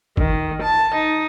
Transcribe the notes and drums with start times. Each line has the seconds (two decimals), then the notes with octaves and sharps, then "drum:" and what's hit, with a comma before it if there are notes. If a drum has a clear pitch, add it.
0.17 D#3, drum: kick
0.62 A5
0.95 D#4